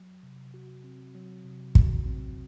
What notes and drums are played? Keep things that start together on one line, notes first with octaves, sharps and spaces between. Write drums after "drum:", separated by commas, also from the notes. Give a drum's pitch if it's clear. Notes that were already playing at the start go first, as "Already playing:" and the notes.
Already playing: F#3
C3
F#4
C4
F#3
C3
F#4, drum: kick
C4